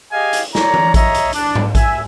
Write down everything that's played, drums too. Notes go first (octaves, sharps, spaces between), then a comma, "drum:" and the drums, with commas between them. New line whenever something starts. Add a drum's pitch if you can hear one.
G4 G#4 D#5 F5 G#5
drum: hi-hat
C#5 D5 A#5, drum: snare
drum: tom E3
C#5 D#5 E5 A#5, drum: kick A1, hi-hat
drum: hi-hat
D4, drum: hi-hat
drum: tom G#2
E5 G#5, drum: kick A1, hi-hat